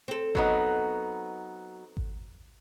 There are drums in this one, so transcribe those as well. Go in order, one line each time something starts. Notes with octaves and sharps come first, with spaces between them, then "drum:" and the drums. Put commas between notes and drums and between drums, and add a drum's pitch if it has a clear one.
C4 A4
F#3 B3 D#4, drum: kick G#1
drum: kick G#1